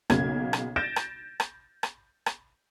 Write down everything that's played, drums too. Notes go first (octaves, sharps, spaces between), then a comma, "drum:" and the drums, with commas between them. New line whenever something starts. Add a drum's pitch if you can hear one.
B1 C#3 A#3 G#6, drum: rim click
drum: rim click
G6 A6 A#6 D7 E7
drum: rim click
drum: rim click
drum: rim click
drum: rim click